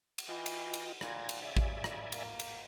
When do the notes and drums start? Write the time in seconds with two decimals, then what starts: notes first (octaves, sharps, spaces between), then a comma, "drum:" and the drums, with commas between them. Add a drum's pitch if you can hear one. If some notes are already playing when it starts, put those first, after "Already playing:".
0.18 drum: cymbal
0.29 E3 F4 D#5 G5
0.46 drum: cymbal
0.74 drum: cymbal
1.01 A#2 G#6 A#6, drum: rim click
1.29 drum: cymbal
1.42 C#3 D5 E5 G#5
1.57 drum: kick A1
1.84 drum: rim click
2.12 A#3, drum: cymbal
2.39 drum: cymbal